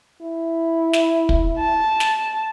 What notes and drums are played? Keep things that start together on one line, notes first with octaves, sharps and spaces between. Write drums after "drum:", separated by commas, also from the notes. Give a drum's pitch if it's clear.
E4
drum: snare
drum: kick
A5
drum: snare